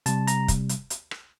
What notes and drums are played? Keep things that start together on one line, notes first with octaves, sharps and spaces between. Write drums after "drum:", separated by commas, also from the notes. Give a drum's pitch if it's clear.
C3 G3 A5, drum: hi-hat
A#5, drum: hi-hat
drum: kick, hi-hat
drum: hi-hat
drum: hi-hat
drum: rim click